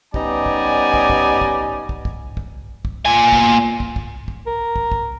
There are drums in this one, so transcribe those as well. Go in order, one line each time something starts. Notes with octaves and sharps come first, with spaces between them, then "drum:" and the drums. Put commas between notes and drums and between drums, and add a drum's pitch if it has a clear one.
G3 B3 C#4 D#4 D5 G#5, drum: kick
drum: kick
drum: kick
drum: kick
drum: kick
drum: kick
drum: kick
drum: kick
drum: kick
A#2 G#5
drum: kick
drum: kick
drum: kick
drum: kick
A#4
drum: kick
drum: kick